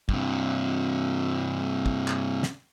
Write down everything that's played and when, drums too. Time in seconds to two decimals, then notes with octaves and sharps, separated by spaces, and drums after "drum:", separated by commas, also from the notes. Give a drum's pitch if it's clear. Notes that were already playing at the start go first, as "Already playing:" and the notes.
0.09 G2 C3, drum: kick
1.86 drum: kick
2.08 drum: clap
2.43 drum: snare